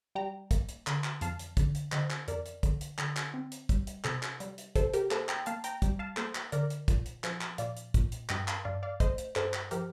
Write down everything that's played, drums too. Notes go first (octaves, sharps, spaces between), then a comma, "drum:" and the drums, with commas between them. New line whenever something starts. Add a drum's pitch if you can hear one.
G3 G5 A#5
A#3, drum: kick, hi-hat
drum: hi-hat
D3, drum: clap
drum: clap
F2 F5 A5, drum: hi-hat
drum: hi-hat
D3, drum: kick, hi-hat
drum: hi-hat
D3 C5 D#5, drum: clap
drum: clap
F2 A#4 D5, drum: hi-hat
drum: hi-hat
D3, drum: kick, hi-hat
drum: hi-hat
D3, drum: clap
drum: clap
C4
drum: hi-hat
G3, drum: kick, hi-hat
drum: hi-hat
C3 A4 C5, drum: clap
drum: clap
G3, drum: hi-hat
drum: hi-hat
C3 A4 C5, drum: kick, hi-hat
G4 A#4, drum: hi-hat
A#3 A4 C5, drum: clap
G5 A#5, drum: clap
A#3 F5 A5, drum: hi-hat
G5 A#5, drum: hi-hat
G3, drum: kick, hi-hat
F5 A5
A#3 A4 C5, drum: clap
drum: clap
D3 A#4 D5, drum: hi-hat
drum: hi-hat
A#2, drum: kick, hi-hat
drum: hi-hat
F3, drum: clap
drum: clap
A#2 D5 F5, drum: hi-hat
drum: hi-hat
A#2, drum: kick, hi-hat
drum: hi-hat
G2 D#5 G5, drum: clap
F5 A5, drum: clap
G2 D5 F5
D5 F5
A3 C5 D#5, drum: kick, hi-hat
drum: hi-hat
G2 A4 C5, drum: clap
drum: clap
F3 G4 A#4, drum: hi-hat